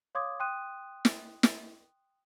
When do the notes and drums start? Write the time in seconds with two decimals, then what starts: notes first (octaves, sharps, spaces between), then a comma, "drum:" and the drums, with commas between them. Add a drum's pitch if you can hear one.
0.15 C#5 F5 C6 D6 D#6 G#6
0.40 G5 C6 D#6 F#6 D#7
1.05 drum: snare
1.43 drum: snare